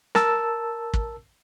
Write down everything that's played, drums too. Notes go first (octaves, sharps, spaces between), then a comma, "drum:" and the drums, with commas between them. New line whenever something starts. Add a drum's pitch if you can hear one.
A#4 A5 E6, drum: snare
drum: kick